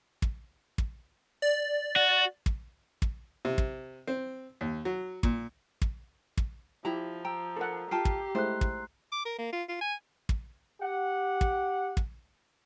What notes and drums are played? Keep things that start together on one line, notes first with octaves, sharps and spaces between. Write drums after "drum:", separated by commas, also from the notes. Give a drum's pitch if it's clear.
drum: kick
drum: kick
D5
F#4
drum: kick
drum: kick
C3
drum: kick
C4
D#2
F#3
A#2, drum: kick
drum: kick
drum: kick
F3 E4 G4 A#5
G5 A#5 E6
A4 A#4 F#5
F4 G4 G5 A5 C7
drum: kick
G#3 A3 E4 C5 C6 F#6
drum: kick
D6
A#4
A#3
F4
F4
G#5
drum: kick
G4 F#5
drum: kick
drum: kick